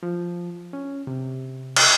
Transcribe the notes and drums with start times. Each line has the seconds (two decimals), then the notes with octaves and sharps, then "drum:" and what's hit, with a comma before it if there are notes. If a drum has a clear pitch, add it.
0.03 F3
0.73 C#4
1.07 C3
1.76 drum: cymbal